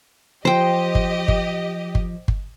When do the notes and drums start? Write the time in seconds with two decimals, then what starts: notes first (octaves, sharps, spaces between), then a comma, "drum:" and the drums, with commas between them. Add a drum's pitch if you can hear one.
0.45 F3 G4 C5 D#5 G5
0.95 drum: kick G1
1.28 drum: kick G1
1.95 drum: kick G1
2.28 drum: kick G1